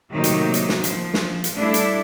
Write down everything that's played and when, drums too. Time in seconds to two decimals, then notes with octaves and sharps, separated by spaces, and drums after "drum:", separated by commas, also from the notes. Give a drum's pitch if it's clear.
0.11 A2 C3 D#3 F#3 A#3 D#4
0.24 drum: hi-hat
0.54 drum: hi-hat
0.69 drum: snare
0.84 F3, drum: hi-hat
1.14 drum: snare
1.44 drum: hi-hat
1.55 G3 A3 D4 E4 A4
1.74 drum: hi-hat